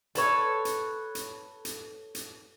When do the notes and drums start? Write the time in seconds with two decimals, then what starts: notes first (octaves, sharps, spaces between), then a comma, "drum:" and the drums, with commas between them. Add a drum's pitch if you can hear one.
0.15 A4 B4 C#5, drum: hi-hat
0.65 drum: hi-hat
1.15 drum: hi-hat
1.65 drum: hi-hat
2.15 drum: hi-hat